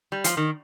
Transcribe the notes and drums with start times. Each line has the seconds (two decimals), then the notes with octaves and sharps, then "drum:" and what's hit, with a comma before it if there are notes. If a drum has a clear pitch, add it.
0.12 G3
0.24 F3, drum: hi-hat
0.37 D#3